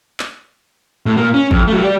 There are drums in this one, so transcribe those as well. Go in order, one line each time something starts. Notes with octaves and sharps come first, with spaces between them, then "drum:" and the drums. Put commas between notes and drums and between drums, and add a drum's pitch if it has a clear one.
drum: clap
A2
A#2 A#3
C#4
F2, drum: kick
F#3 A3
G3 D5